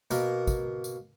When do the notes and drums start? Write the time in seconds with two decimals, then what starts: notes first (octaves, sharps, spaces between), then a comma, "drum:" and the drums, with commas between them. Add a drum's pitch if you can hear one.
0.11 B2 A#3, drum: tambourine
0.47 drum: kick, tambourine
0.84 drum: tambourine